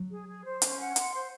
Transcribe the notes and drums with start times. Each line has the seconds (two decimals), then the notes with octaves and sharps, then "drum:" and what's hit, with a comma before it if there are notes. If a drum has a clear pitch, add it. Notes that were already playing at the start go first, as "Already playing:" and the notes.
Already playing: F#3
0.10 G#4
0.27 G#4
0.45 C5
0.62 C#4, drum: hi-hat
0.79 F#5
0.96 C6, drum: hi-hat
1.13 C5